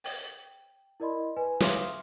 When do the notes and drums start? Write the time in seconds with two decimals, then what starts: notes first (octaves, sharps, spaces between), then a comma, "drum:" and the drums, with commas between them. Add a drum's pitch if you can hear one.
0.04 G5, drum: open hi-hat
1.00 E4 A#4 D5 D#5 B5 C6
1.37 B4 G#5
1.60 E5 F5 C6 D6 D#6 F6, drum: snare